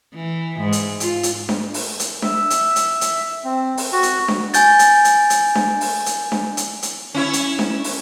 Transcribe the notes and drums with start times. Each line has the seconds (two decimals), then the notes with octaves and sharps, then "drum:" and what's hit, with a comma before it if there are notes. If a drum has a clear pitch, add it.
0.15 E3
0.60 G#2
0.72 drum: hi-hat
1.00 F4, drum: hi-hat
1.23 drum: hi-hat
1.49 drum: snare D4
1.74 drum: open hi-hat
2.00 drum: hi-hat
2.22 E5, drum: snare D4
2.50 drum: hi-hat
2.76 drum: hi-hat
3.01 drum: hi-hat
3.44 C4
3.77 drum: open hi-hat
3.93 F#4
4.03 drum: hi-hat
4.28 drum: snare D4
4.54 G#5 G6 A6, drum: hi-hat
4.79 drum: hi-hat
5.05 drum: hi-hat
5.30 drum: hi-hat
5.55 drum: snare D4
5.81 drum: open hi-hat
6.06 drum: hi-hat
6.32 drum: snare D4
6.57 drum: hi-hat
6.82 drum: hi-hat
7.14 C#4 E4 C#5
7.33 drum: hi-hat
7.59 drum: snare D4
7.84 drum: open hi-hat